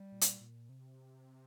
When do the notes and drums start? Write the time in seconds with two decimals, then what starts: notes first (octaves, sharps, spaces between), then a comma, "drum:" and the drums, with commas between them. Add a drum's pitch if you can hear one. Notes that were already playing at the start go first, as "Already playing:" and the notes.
Already playing: G3
0.12 A#2
0.21 drum: hi-hat
0.41 A#2
0.69 C3